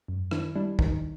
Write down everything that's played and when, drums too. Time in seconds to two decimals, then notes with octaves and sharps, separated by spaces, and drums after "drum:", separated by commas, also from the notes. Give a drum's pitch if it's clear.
0.08 F#2
0.31 D#3 D4 E4, drum: rim click
0.55 G3 D4 E4
0.79 D#3 D#4, drum: kick